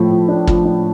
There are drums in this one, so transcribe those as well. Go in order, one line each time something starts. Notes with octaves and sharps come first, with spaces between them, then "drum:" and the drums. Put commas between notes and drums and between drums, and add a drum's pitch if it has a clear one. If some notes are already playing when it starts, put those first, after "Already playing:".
Already playing: A2 F3 A3
F3
D4
F3, drum: kick
D4